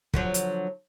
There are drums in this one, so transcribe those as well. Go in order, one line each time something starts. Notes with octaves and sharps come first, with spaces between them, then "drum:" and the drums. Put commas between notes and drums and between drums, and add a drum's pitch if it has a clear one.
D3 F3 F#3, drum: kick
drum: hi-hat